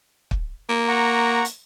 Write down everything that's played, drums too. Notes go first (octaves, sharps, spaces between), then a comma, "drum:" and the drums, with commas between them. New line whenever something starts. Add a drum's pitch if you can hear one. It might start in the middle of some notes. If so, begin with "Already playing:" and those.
drum: kick
A#3
F#5 A#5 C#6
drum: hi-hat